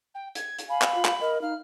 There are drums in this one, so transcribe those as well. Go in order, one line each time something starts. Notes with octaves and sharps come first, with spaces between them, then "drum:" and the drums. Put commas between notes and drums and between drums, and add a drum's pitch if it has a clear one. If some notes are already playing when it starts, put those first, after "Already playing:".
G5
G#6, drum: hi-hat
drum: hi-hat
F5 G#5 B5
drum: clap
F4
drum: clap
A#4 D#5
D#4 F5 F6